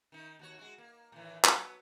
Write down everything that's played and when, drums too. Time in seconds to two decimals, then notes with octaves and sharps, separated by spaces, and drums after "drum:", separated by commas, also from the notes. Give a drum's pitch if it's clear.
0.12 D#3 D#4
0.39 D#2 F#4 C#5
0.59 G#3 F#4
0.78 A#3
1.12 A2 D#3 E3
1.45 F#3 B3, drum: clap